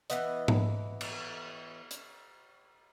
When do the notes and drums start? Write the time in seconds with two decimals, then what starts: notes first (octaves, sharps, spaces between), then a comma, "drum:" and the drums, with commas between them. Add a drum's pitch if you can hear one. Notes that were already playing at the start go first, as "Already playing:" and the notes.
0.10 E3 B3 D#5, drum: hi-hat
0.48 drum: tom G#2
1.01 drum: cymbal
1.91 drum: hi-hat